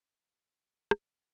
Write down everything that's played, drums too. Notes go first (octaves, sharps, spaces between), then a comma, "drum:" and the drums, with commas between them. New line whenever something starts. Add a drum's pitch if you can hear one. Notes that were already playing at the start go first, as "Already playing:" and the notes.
G#4 E5 B5 D6
drum: rim click